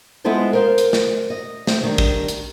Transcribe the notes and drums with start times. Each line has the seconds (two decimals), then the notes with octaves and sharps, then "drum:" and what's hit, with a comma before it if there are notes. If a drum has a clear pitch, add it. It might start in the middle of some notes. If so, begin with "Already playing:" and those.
0.24 G#3 B3 E4 F4 A4 C5
0.53 A#4 C5 F5
0.78 drum: hi-hat
0.93 drum: snare
1.30 D#5
1.67 A3 C4, drum: snare
1.83 D#3 G3 D4
1.98 drum: kick
2.28 drum: hi-hat